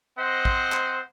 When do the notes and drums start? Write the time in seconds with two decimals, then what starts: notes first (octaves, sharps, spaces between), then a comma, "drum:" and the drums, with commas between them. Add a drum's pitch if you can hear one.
0.18 C4 C5 D#5 F#5
0.45 drum: kick
0.72 drum: clap